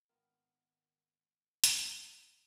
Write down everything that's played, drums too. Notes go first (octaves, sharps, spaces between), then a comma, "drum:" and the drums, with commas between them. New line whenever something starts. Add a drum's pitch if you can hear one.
G#1 D#3 B3 F4 A#4
drum: hi-hat